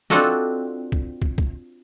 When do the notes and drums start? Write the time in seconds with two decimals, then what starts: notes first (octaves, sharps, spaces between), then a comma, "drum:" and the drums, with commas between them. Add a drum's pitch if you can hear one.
0.10 C4 D4 F4 F#4 A4 D#5, drum: snare
0.92 drum: kick
1.22 drum: kick
1.38 drum: kick